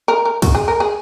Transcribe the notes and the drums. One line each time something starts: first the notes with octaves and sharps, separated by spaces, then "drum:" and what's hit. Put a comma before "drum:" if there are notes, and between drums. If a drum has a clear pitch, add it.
A#4
A#4
F#4, drum: kick, cymbal
G#4
A#4
G#4